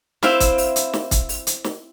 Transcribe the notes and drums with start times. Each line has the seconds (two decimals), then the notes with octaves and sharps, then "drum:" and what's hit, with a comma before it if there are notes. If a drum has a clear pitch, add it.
0.23 C4 E4 E5 F5 G5, drum: snare
0.40 drum: kick, hi-hat
0.58 drum: open hi-hat
0.76 drum: hi-hat
0.93 drum: snare
1.11 drum: kick, hi-hat
1.29 drum: open hi-hat
1.47 drum: hi-hat
1.64 drum: snare